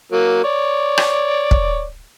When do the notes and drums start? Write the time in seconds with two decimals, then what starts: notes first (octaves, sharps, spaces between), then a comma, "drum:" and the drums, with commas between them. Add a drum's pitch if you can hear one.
0.12 F#3 A#3
0.44 C#5 D5
0.98 drum: rim click
1.51 drum: kick